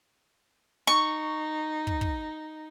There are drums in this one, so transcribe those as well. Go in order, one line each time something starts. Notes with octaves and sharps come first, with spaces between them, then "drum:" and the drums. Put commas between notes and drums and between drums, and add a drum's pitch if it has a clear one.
D#4 C#6
drum: kick
drum: kick